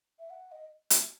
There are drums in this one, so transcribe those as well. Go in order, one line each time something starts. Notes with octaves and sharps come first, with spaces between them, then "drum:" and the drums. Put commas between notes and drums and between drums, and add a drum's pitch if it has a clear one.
E5
F#5
D#5
drum: hi-hat